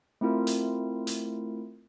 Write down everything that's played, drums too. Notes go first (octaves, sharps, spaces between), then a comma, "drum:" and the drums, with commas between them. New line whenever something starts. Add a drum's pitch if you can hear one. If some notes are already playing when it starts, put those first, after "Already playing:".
A3 C4 E4 F4 A#4
drum: hi-hat
drum: hi-hat